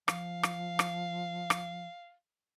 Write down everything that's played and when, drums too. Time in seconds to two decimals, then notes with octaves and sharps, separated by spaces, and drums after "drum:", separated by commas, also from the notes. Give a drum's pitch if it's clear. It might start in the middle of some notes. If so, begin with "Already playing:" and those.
0.08 F3 F5, drum: rim click
0.43 drum: rim click
0.79 drum: rim click
1.50 drum: rim click